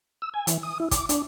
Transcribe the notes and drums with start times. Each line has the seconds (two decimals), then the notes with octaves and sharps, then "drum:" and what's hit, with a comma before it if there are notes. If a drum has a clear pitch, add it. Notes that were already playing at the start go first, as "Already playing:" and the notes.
0.22 E6
0.34 G#5
0.47 E3, drum: hi-hat
0.63 D#6
0.80 E4
0.91 D6, drum: kick, hi-hat
1.09 D4, drum: hi-hat